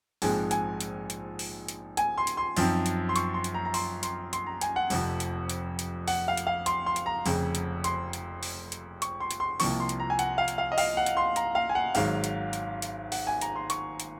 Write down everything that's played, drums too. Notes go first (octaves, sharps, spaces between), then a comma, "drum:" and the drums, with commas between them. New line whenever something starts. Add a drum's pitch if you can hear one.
A#1 G#2 F3 G#3 C4 G#5, drum: open hi-hat
G#5, drum: hi-hat
drum: hi-hat
drum: hi-hat
drum: open hi-hat
drum: hi-hat
G#5, drum: hi-hat
C6
drum: hi-hat
C6
F#2 F3 C4 D#4, drum: open hi-hat
drum: hi-hat
C6
C#6, drum: hi-hat
C6
drum: hi-hat
A#5
A#5
C6, drum: open hi-hat
C6, drum: hi-hat
C6, drum: hi-hat
A#5
G#5, drum: hi-hat
F#5
F1 F2 C3 F3, drum: open hi-hat
drum: hi-hat
drum: hi-hat
drum: hi-hat
F#5, drum: open hi-hat
F5
drum: hi-hat
F5
C6, drum: hi-hat
C6
drum: hi-hat
A#5
F1 F2 C#3, drum: open hi-hat
drum: hi-hat
C6, drum: hi-hat
drum: hi-hat
drum: open hi-hat
drum: hi-hat
C#6, drum: hi-hat
C6
drum: hi-hat
C6
C2 C3 F3 A#3 C#6, drum: open hi-hat
C6
drum: hi-hat
A#5
G#5
F#5, drum: hi-hat
F5
drum: hi-hat
F5
D#5
F5, drum: open hi-hat
F#5
drum: hi-hat
C6
A#5, drum: hi-hat
F5
G#5
F#5
G#1 G#2 F#3 F5, drum: open hi-hat
drum: hi-hat
drum: hi-hat
drum: hi-hat
F#5, drum: open hi-hat
G#5
A#5, drum: hi-hat
C6
C#6, drum: hi-hat
drum: hi-hat